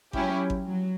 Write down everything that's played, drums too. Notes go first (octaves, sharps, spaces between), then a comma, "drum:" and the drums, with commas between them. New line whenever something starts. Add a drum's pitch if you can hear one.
F#3 C#4 E4 G4, drum: kick G#1
drum: kick G#1
F#3